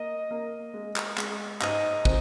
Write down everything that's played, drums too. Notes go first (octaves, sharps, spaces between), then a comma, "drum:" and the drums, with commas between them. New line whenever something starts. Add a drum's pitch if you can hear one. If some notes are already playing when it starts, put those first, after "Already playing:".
Already playing: A#3 D#5
A#3
G#3
drum: clap
G#3, drum: clap
G#2 D#5, drum: clap
C4, drum: kick